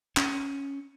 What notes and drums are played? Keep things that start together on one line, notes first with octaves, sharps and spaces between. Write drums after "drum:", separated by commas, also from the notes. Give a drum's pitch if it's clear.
C#4, drum: clap